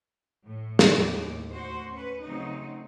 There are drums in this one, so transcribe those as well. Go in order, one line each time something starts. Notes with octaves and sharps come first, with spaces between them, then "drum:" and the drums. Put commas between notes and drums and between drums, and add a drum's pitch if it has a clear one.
A2
drum: snare
D#2 A2 G4
D2 F#4 C5
C#4 B4
C#3 F#3 A3 C4 D#4